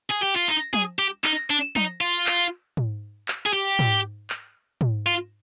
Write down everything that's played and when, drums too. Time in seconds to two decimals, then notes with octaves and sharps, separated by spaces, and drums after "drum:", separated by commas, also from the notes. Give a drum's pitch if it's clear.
0.10 G#4
0.22 G4
0.35 F4
0.48 D#4
0.74 G#4, drum: tom
0.99 G4
1.24 D#4, drum: clap
1.50 D4
1.76 D#4, drum: tom
2.01 F4
2.26 drum: clap
2.77 drum: tom
3.28 drum: clap
3.46 G#4
3.53 G4
3.79 drum: tom
4.30 drum: clap
4.81 drum: tom
5.07 F4